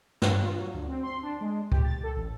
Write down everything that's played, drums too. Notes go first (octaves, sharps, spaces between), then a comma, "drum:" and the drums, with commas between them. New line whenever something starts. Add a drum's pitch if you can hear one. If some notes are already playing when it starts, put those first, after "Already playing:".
G2, drum: snare
F4
F#3
D2
C4
C6
D4
G#3
G4, drum: kick C#2
A6
A4
A1